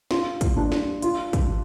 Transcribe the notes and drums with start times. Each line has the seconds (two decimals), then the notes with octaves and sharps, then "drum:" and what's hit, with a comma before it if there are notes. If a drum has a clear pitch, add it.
0.11 F4, drum: snare
0.41 drum: kick, hi-hat
0.57 D4
0.72 drum: snare
1.02 F4, drum: hi-hat
1.33 drum: kick, hi-hat